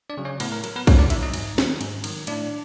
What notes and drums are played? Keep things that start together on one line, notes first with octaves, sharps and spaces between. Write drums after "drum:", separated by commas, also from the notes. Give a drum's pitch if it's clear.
D4 D5
C#3 F#3
C#4 C#5
A2 B3 B4, drum: cymbal
A#4
F#3 A#4, drum: cymbal
B3 B4
A2 C#4 C#5, drum: kick, cymbal
D4 D5
F#3 E4 E5, drum: cymbal
D#4 D#5
G#2, drum: cymbal
D#3 F#3, drum: snare
G#2, drum: cymbal
D#3 F#3, drum: cymbal
A2 D4 D5, drum: cymbal